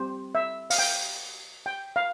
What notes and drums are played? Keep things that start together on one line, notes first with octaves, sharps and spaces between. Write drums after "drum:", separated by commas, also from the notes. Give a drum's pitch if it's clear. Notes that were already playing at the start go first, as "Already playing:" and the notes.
Already playing: G3 C4 G4 C5
E5
F5, drum: open hi-hat
G5
G5
F5